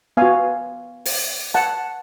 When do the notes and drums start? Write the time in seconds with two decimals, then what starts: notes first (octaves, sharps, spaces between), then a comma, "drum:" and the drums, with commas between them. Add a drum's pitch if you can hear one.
0.17 B3 F#4 F5 G#5
1.05 drum: open hi-hat
1.54 F#5 A5